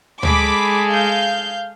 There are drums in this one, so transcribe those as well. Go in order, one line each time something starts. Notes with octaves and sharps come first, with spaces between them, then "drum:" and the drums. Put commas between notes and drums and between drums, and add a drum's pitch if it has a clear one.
G#3 G#4 A4 B5 D6 B6, drum: tom D2
F5 G6